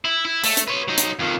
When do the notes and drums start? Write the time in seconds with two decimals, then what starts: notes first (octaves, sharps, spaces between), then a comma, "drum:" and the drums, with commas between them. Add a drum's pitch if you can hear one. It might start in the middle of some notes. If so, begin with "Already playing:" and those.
0.05 E4
0.25 E4
0.44 A3, drum: open hi-hat
0.57 drum: hi-hat
0.68 B4 C#5
0.88 F#3 D#4
0.98 drum: hi-hat
1.19 F2 D#3